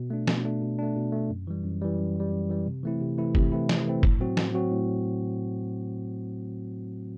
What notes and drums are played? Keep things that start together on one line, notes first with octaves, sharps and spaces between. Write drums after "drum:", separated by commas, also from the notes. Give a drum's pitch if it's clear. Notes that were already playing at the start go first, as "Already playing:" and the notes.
Already playing: B2
A3 D4
B2, drum: snare
A3 D4
B2
A3 D4
B2
A3 D4
F#2
E3 G3
F#2
E3 G3
F#2
E3 G3
F#2
E3 G3
C3
E3 A3 C4 E4
C3
E3 A3 C4 E4
C3, drum: kick F#1
E3 A3 C4 E4
C3, drum: snare
E3 A3 C4 E4
A2, drum: kick F#1
F#3 C4 F#4
A2, drum: snare
F#3 C4 F#4
A2